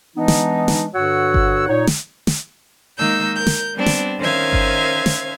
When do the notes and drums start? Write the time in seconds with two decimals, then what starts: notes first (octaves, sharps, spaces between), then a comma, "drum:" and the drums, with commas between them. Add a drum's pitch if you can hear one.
0.17 E3 G#3 B3 D4 D#4
0.28 drum: snare
0.68 drum: snare
0.94 G2 D3 F#4 C#5 F#5 E6
1.34 drum: kick G1
1.69 A#2 D#4 C#5
1.87 drum: snare
2.27 drum: snare
2.98 D#3 G#3 A#3 D#4 E6 G6
3.36 A#4 G6
3.47 drum: snare
3.75 G3 B3 C4 D4
3.86 drum: snare
4.19 D#3 C#4 C5 E5 F5 G#6
4.53 drum: kick G1
5.06 drum: snare